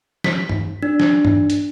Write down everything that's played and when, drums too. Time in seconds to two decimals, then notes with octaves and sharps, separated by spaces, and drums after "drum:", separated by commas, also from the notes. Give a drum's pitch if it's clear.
0.24 B6, drum: snare
0.49 drum: tom
0.83 D4
1.00 drum: snare
1.25 drum: tom
1.50 drum: hi-hat